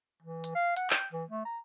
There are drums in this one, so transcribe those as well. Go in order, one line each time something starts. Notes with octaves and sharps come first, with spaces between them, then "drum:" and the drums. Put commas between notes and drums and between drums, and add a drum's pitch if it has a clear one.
E3
drum: hi-hat
F5
F#5, drum: hi-hat
G5, drum: clap
E3
A3
A#5